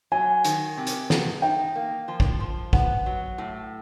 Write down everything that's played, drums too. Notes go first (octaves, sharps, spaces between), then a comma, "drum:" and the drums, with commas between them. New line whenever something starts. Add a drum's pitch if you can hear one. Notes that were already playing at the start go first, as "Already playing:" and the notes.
F#3 G#5
D#3, drum: hi-hat
C3
drum: hi-hat
B3, drum: snare
D#4 G5
A#3
F3
drum: kick A#1
F3
B3 F#5, drum: kick A#1
F#3
A2